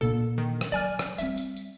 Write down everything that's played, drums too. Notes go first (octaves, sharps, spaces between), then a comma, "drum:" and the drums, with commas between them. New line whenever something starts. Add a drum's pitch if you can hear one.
A#2 D4 A4
D#3
drum: rim click
F#3 D5 G#5 F6
drum: rim click
G3 C4 E5, drum: tambourine
drum: tambourine
drum: tambourine